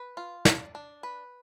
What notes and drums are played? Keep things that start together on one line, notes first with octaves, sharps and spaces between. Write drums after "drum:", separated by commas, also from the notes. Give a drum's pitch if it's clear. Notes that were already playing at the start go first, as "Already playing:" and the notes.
Already playing: B4
F4
D4, drum: snare
D4
B4